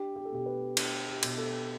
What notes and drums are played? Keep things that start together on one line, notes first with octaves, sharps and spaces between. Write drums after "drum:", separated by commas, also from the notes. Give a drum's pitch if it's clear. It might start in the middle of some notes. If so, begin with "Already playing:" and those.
Already playing: D4 G4
G4
A4
B2 G4
B4
D4, drum: cymbal
G4
B2, drum: cymbal
A4